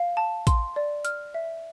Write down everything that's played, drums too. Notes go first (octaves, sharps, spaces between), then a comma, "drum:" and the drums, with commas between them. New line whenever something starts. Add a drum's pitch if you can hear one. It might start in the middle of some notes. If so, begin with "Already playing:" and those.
Already playing: F5
A5
C6, drum: kick A1, hi-hat
D5
F6, drum: hi-hat
E5